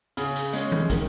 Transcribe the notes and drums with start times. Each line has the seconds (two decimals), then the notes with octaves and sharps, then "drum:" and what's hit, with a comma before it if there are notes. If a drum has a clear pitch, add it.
0.17 C#3, drum: hi-hat
0.36 drum: hi-hat
0.53 G#3 C#4, drum: hi-hat
0.72 drum: tom D#3
0.90 D#3, drum: kick, hi-hat